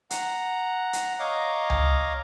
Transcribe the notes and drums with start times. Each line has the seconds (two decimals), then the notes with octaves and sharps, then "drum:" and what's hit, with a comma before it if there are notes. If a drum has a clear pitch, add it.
0.10 F#5 A#5, drum: hi-hat
0.93 drum: hi-hat
1.19 C#5 D#5 F5 A#5 D6
1.70 drum: tom C#2